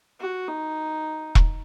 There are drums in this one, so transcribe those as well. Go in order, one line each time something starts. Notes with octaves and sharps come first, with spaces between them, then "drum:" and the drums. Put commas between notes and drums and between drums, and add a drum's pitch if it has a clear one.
F#4
D#4
drum: kick E1